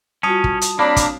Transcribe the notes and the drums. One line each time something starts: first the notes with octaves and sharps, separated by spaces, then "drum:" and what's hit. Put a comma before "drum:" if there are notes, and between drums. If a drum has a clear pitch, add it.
G3 C#4 F4 F#4 A5 D#6
drum: kick
drum: hi-hat
A#3 C4 D4 C#5 B5
drum: kick, hi-hat